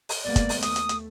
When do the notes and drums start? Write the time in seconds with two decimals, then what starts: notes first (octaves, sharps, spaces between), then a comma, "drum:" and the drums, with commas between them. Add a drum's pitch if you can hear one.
0.09 drum: open hi-hat
0.24 G#3 A#3 B3 D5
0.36 drum: kick G1, hi-hat
0.49 drum: open hi-hat
0.62 D#2 A3 D#6, drum: hi-hat
0.76 drum: hi-hat
0.89 drum: hi-hat